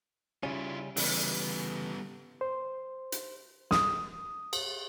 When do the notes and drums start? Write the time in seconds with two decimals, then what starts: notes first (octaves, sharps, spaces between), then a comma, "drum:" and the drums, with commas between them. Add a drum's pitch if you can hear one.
0.43 C#3 G3 C#4 E4 F4
0.97 C#3 E3 G3 B3, drum: open hi-hat
2.41 C5
3.12 drum: hi-hat
3.71 D#6, drum: snare
4.53 drum: cymbal